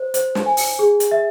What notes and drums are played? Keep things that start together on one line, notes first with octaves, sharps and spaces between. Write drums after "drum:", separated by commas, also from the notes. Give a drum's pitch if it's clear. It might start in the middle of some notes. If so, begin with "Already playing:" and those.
Already playing: C5
C5, drum: hi-hat
drum: snare
G#5
drum: open hi-hat
G#4
drum: hi-hat
E5